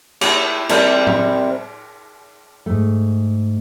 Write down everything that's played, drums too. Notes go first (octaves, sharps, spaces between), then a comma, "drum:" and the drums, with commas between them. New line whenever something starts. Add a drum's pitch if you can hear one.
E4 G4, drum: cymbal
C3 G3 A#4, drum: cymbal
drum: tom
G#2 A3